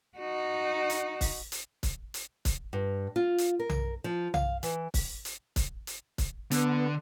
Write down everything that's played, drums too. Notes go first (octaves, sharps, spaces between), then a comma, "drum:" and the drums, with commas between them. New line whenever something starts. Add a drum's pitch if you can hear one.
D#4 F#4
drum: hi-hat
drum: kick, open hi-hat
drum: hi-hat
drum: kick, hi-hat
drum: hi-hat
drum: kick, hi-hat
G2
F4
drum: hi-hat
A#4
drum: tom B1
F3
F5, drum: tom B1
E3, drum: hi-hat
drum: kick, open hi-hat
drum: hi-hat
drum: kick, hi-hat
drum: hi-hat
drum: kick, hi-hat
D3 B3, drum: hi-hat